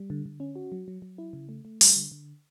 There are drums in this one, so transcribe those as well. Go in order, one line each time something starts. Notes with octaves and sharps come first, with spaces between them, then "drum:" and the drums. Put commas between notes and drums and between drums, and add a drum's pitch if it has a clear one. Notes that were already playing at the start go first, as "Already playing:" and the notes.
Already playing: G3
D3
D3
C#4
F#4
F#3
F#3
F#3
E4
C#3
A3
A3
G3, drum: open hi-hat
D3
D3